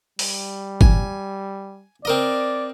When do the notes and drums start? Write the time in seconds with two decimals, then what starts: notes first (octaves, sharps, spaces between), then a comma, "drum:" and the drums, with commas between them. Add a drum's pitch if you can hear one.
0.19 G3, drum: open hi-hat
0.81 G#5, drum: kick G1
2.05 C4 A#4 D5 D#5